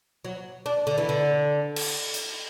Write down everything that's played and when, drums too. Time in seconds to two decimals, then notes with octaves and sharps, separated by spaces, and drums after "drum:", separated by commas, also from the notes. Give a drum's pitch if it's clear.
0.25 F#3
0.66 D4
0.87 D3
0.98 E3
1.09 D3
1.76 drum: cymbal
2.14 drum: hi-hat